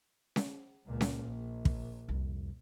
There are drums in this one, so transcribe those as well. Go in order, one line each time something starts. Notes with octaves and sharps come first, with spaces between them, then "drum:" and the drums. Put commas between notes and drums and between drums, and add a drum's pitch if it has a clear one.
drum: snare C#4
C#2 A#2
drum: snare C#4
A#1
drum: kick
C2 F2